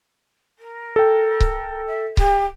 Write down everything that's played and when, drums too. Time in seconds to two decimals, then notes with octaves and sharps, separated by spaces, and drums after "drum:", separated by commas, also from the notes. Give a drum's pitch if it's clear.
0.58 A#4
0.96 A4 G5
1.40 drum: kick C#1
1.87 E5
2.17 G4, drum: kick C#1